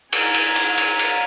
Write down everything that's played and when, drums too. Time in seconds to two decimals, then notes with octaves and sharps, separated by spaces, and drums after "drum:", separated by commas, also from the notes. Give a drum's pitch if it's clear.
0.13 G#5 A#5, drum: cymbal
0.34 drum: cymbal
0.56 drum: cymbal
0.78 drum: cymbal
0.99 drum: cymbal